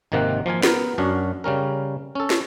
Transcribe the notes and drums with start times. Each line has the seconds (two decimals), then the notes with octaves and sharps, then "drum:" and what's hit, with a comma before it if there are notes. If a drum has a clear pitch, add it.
0.12 G#1 C3 D#3 A#3 C4 F#5
0.46 F3 A#3 F4 G#5
0.63 B3 A#4, drum: snare
0.98 F#2 C#4 D4 F#4
1.44 C#3 G3 C#4 A#4
2.15 C#4 A4
2.30 drum: snare